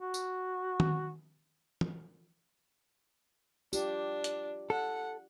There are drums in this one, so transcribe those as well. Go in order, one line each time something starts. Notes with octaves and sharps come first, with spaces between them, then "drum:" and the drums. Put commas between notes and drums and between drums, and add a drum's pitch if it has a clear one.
F#4
drum: tambourine
drum: tom D#3
drum: tom
D4 F4 G4, drum: tambourine
drum: hi-hat
A4 F#5